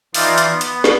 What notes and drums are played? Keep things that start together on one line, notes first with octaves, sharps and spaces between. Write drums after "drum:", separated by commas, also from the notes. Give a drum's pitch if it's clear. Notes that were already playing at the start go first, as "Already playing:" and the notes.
E3 D#4 F4 D5 F5, drum: open hi-hat
drum: hi-hat
B3
drum: hi-hat
drum: snare